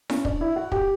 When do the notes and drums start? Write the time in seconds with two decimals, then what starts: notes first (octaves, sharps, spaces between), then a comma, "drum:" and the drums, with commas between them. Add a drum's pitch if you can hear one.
0.10 C#4, drum: snare E4
0.25 D4, drum: kick
0.41 E4
0.56 F#4
0.72 G4, drum: kick